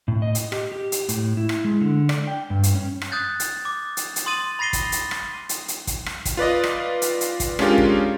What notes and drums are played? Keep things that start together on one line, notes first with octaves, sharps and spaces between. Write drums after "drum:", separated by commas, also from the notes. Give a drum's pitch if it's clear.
A2
D#5
drum: hi-hat
G4, drum: rim click
G4
drum: hi-hat
A2, drum: hi-hat
E4
drum: rim click
G#3
D3
D5, drum: rim click
G5
G2
drum: hi-hat
C#4
drum: rim click
D#6 F#6 G6 A6
drum: hi-hat
D6
drum: hi-hat
drum: hi-hat
C6 D#6 A6 D#7 F#7
B5 A6 A#6 C7 D#7 G7
drum: kick, hi-hat
drum: hi-hat
drum: rim click
drum: hi-hat
drum: hi-hat
drum: kick, hi-hat
drum: rim click
drum: kick, hi-hat
F4 B4 D5 D#5
drum: rim click
drum: hi-hat
drum: hi-hat
drum: kick, hi-hat
G#3 C#4 D4 F4 G4 A#4, drum: rim click
drum: kick